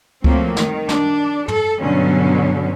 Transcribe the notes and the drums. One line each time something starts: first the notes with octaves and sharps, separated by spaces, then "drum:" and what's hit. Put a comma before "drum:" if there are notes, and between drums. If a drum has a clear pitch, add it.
F3 F#3 A3 A#3 C4, drum: kick C#2
D#3, drum: snare
D4, drum: snare
A4, drum: tom
G2 B2 D3 F#3 B3 C#4